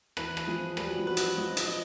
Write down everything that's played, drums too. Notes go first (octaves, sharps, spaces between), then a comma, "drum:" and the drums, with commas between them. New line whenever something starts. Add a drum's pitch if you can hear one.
E3 B4, drum: rim click
drum: rim click
F3 G#4
G3 B4, drum: rim click
F#3
F3
F#3 B4
drum: hi-hat
F3 D#5
drum: hi-hat
D#5